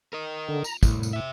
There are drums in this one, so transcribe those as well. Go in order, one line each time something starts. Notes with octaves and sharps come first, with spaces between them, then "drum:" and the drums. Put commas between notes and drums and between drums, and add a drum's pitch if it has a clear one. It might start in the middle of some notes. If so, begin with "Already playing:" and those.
A#4 D#5
D3
A#5, drum: tambourine
C2 A2, drum: kick, tambourine
drum: tambourine
C3 E5